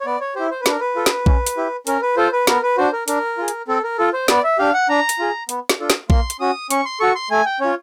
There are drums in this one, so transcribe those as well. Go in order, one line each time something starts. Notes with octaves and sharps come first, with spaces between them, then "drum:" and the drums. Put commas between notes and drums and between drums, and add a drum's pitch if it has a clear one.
C#5
B3 D5
C#5
E4 G4 C5
C5
B4
D4 A#4, drum: snare
B4
F4 A4
drum: snare
C#4, drum: kick A#1
drum: hi-hat
E4 G4
C#4 A#4, drum: hi-hat
B4
F4 A4 C5
B4
B3 A#4, drum: snare
B4
D4 F#4 C5
A#4
D4 A#4, drum: hi-hat
F4 G#4
drum: hi-hat
C4 A4
A#4
F4 A4
C5
B3 D5, drum: snare
E5
D4 G4 F5
F#5
D4 A#5
drum: hi-hat
F4 G#4
B3, drum: hi-hat
drum: snare
D4 F4 A4
drum: snare
A#3 C6, drum: kick A#1
drum: hi-hat
C#4 F#4 D#6
C#4 C#6, drum: hi-hat
C6
F#4 A4 C#6
C6
A3 G#5
G5
C#4 F4 C#5